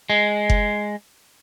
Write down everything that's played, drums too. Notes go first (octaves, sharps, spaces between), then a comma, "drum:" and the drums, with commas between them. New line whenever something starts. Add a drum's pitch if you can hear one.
G#3
drum: kick F#1